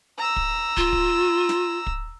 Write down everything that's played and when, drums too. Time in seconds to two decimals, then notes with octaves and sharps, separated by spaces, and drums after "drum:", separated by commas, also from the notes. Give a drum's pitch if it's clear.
0.18 A#5 E6
0.36 drum: kick
0.77 F4, drum: kick
0.93 drum: kick
1.49 drum: snare
1.87 drum: kick